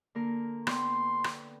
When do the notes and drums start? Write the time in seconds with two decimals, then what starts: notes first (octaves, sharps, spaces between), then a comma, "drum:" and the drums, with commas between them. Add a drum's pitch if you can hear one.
0.15 D3 A#3 A#4
0.67 B3 D5 G5 C6, drum: rim click
1.24 drum: rim click